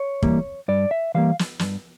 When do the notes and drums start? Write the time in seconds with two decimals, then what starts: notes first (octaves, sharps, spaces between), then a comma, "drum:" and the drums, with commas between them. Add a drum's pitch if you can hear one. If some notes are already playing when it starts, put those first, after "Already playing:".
Already playing: C#5
0.23 E3 G3 A#3, drum: kick
0.68 G2 D5
0.91 E5
1.15 E3 G3 A#3 F5
1.39 drum: snare
1.59 G2, drum: snare